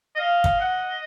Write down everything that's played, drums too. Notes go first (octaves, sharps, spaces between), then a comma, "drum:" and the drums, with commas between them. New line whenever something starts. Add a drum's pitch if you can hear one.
D#5 F5
drum: kick
F#5